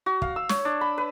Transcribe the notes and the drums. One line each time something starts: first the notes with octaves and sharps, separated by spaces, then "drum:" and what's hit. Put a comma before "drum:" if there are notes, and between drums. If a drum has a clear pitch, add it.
F#4
F5, drum: kick
E6
C#5, drum: snare
D4
B5
B4